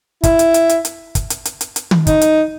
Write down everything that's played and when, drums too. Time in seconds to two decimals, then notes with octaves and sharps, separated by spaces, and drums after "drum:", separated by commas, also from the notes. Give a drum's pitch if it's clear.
0.23 E4, drum: kick, hi-hat
0.39 drum: hi-hat
0.54 drum: hi-hat
0.69 drum: hi-hat
0.85 drum: hi-hat
1.15 drum: kick, hi-hat
1.30 drum: hi-hat
1.45 drum: hi-hat
1.61 drum: hi-hat
1.76 drum: hi-hat
1.91 drum: tom
2.07 D#4, drum: kick, hi-hat
2.21 drum: hi-hat